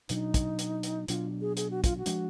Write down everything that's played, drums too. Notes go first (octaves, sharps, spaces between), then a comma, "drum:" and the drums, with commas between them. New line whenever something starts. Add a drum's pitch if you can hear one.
B2 F#3 D4 D#4, drum: hi-hat
drum: kick, hi-hat
drum: hi-hat
drum: hi-hat
B2 F#3 D4 F4, drum: hi-hat
G#4
G#4, drum: hi-hat
F#4
F4, drum: kick, hi-hat
F#4
F3 G#3 D4, drum: hi-hat